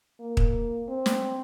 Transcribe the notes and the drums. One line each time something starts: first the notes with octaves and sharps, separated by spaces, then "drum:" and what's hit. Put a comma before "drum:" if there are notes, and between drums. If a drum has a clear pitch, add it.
A#3
drum: kick
C4
drum: snare